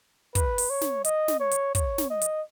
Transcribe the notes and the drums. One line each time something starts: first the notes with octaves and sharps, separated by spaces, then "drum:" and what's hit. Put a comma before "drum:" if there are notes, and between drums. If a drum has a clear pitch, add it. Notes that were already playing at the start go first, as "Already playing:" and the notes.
B4, drum: kick, hi-hat
drum: open hi-hat
C#5
drum: snare
D#5, drum: hi-hat
drum: snare
C#5
drum: hi-hat
C#5, drum: kick, hi-hat
drum: snare
D#5
drum: hi-hat